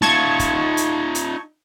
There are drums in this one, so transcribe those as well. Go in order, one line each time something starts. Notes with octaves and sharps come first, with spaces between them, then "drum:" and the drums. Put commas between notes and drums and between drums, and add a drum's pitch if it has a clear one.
D#4 F4 A5 C#6 G#6, drum: snare
drum: kick, hi-hat
drum: hi-hat
drum: hi-hat